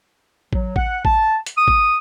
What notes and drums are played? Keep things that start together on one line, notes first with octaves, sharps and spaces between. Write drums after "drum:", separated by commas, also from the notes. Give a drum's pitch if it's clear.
F#3, drum: kick A1
F#5, drum: kick A1
A5, drum: kick A1
drum: hi-hat
D#6
drum: kick A1